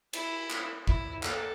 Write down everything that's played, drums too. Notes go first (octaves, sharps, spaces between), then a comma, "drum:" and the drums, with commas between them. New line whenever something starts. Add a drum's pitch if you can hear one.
E4, drum: cymbal
drum: clap
E4, drum: kick
A4, drum: clap